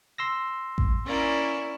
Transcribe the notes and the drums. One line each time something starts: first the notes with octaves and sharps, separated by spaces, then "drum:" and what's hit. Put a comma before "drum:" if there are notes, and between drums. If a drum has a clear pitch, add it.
C6 E6 A#6
drum: kick A1
A#3 C#4 E4 D5